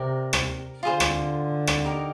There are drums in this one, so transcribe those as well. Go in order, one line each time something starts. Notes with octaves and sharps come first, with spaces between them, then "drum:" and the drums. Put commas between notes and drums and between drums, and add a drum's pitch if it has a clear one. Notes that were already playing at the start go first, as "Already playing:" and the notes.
Already playing: C3 A#4 D5 G5 A#5
drum: rim click
D3 F4 G#4 C5
drum: rim click
drum: rim click
D#4 G4 A#4 D#5